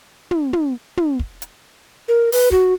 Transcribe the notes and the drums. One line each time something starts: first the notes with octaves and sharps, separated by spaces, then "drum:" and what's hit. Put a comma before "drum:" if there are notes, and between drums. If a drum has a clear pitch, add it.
drum: tom
drum: tom
drum: tom
drum: kick
drum: hi-hat
A#4
B4, drum: open hi-hat
F#4, drum: kick